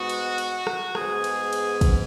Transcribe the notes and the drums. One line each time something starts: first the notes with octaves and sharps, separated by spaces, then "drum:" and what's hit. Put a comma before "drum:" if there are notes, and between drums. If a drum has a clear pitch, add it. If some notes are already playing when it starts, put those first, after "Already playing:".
Already playing: G#2 G#3 B3 F#4
drum: cymbal
drum: cymbal
drum: rim click
G#2 G#3 B3 G#4, drum: rim click
drum: cymbal
drum: cymbal
drum: kick, cymbal